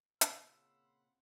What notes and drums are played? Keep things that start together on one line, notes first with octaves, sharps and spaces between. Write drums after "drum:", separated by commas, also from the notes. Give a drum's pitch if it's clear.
A#2 C#3 C4 F4 F#5 B5 C6 E6, drum: hi-hat